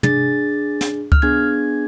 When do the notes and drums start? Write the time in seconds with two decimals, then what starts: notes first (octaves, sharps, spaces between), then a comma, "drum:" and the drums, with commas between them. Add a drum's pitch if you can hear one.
0.03 D4 G#4 A6, drum: tom
0.81 drum: snare
1.12 F6, drum: kick C#2
1.22 B3 D4 G#4 G#6